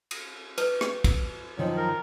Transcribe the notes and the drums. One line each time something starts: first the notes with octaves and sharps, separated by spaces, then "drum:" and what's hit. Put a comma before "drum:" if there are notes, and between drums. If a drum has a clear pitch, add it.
drum: cymbal
B4, drum: cymbal
drum: rim click
drum: kick, cymbal
F#2 D#3 F3
A#4